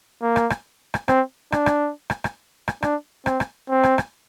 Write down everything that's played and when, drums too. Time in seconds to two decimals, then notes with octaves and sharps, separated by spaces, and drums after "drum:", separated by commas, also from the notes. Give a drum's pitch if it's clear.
0.22 A#3
0.36 drum: rim click
0.50 drum: rim click
0.94 drum: rim click
1.08 C4, drum: rim click
1.52 D4, drum: rim click
1.66 drum: rim click
2.10 drum: rim click
2.24 drum: rim click
2.68 drum: rim click
2.82 D4, drum: rim click
3.26 C4, drum: rim click
3.40 drum: rim click
3.70 C4
3.83 drum: rim click
3.98 drum: rim click